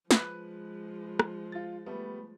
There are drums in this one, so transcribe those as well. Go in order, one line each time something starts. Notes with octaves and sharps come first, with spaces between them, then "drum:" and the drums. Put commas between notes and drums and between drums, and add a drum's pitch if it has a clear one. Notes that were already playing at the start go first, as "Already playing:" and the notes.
F3 G#3 B4 B5 F#6, drum: snare
drum: rim click
F4 A6
G3 A3 B3